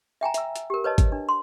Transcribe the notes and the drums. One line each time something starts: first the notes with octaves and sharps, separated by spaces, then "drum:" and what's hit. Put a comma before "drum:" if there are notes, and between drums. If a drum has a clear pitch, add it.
E5 G5 G#5 A#5
E5 E6, drum: hi-hat
drum: hi-hat
G4 A#4
B4 C#5 D#5 A5
drum: kick, hi-hat
D4
C6